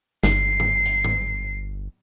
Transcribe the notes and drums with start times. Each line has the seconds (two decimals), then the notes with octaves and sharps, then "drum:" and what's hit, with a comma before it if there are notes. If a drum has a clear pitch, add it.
0.23 G1 C7, drum: snare
0.60 drum: tom G#2
0.86 drum: hi-hat
1.04 drum: tom G#2